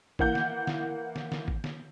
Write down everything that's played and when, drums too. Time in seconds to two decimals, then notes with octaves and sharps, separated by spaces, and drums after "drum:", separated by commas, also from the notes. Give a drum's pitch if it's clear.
0.19 E3 A#3 F#5 G6, drum: kick
0.35 drum: snare
0.67 drum: snare
1.16 drum: snare
1.32 drum: snare
1.48 drum: kick
1.64 drum: snare